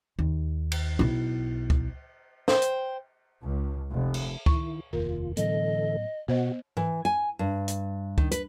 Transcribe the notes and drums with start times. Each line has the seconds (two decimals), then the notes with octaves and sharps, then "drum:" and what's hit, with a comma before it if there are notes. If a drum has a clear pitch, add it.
0.19 D#2
0.72 drum: cymbal
0.99 B1 E4
1.70 drum: kick C#2
2.48 C5 G5, drum: snare
2.62 drum: hi-hat
3.43 C#2
3.90 F1
4.14 drum: cymbal
4.46 D#3 E4 C#6, drum: kick C#2
4.93 F1 D#2 F4 A#4
5.37 A2 D3 E3 F#3 B3 A4 D#5, drum: hi-hat
6.28 B2 B3 F#4 C5 D#5 F#5
6.77 E3, drum: tom G#2
7.05 G#5
7.39 G2
7.68 drum: hi-hat
8.18 D#3, drum: kick C#2
8.31 B4, drum: hi-hat